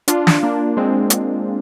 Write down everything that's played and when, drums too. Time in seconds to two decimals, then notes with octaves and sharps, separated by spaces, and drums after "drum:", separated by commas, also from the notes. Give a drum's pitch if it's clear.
0.08 D4 F4, drum: hi-hat
0.27 drum: snare
0.43 A#3 D4
0.77 G#3 C4
1.10 drum: hi-hat